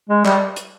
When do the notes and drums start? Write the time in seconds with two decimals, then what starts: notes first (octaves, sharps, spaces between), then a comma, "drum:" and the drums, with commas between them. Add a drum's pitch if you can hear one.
0.09 G#3
0.25 G3, drum: clap
0.56 drum: hi-hat